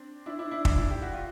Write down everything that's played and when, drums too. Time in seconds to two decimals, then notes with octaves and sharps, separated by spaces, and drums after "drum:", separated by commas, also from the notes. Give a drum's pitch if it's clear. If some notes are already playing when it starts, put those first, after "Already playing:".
Already playing: C4 D4
0.26 D4 E4
0.39 D4 E4
0.51 D4 E4
0.65 D4 E4, drum: kick
0.77 D4 E4
0.91 G4
1.02 F#4
1.14 F4